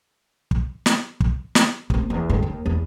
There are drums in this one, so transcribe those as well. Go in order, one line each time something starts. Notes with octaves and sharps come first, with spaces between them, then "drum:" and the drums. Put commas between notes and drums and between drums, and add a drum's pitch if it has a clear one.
drum: kick
drum: snare
drum: kick
drum: snare
A#3 C4, drum: kick
E2
G2 D3
D#2
E2 B3